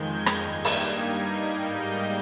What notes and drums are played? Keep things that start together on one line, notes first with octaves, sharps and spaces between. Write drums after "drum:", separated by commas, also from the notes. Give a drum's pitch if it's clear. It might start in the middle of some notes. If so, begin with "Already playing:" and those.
Already playing: F2 D#3 G#3 G6 G#6
drum: rim click
G2 G3 A#3 D#4 G#6
drum: open hi-hat
G#2 G3 A#3 D#4 G6